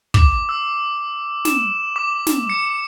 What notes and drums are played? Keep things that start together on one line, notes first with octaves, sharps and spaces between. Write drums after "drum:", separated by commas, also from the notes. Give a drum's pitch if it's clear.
D6, drum: kick
E6
E7, drum: snare
D6
drum: snare
C#7